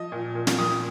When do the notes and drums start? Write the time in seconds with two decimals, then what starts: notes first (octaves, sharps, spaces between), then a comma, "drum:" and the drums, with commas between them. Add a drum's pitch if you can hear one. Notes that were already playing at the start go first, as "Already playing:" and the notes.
Already playing: F3 D#5
0.12 A#2
0.35 A#2
0.47 drum: snare
0.58 A#2 D#6